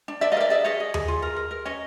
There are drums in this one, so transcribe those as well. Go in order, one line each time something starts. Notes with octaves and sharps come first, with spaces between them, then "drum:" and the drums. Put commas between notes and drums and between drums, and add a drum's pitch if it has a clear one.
D4
D4 D5 E5
D#5 F5
A#4 D5 E5
G#4 D5 E5
G#4 C#5 D#5
G#4
G#4, drum: tom D#2
F4
A#4
A#4
A#4
C#4 C#5 D#5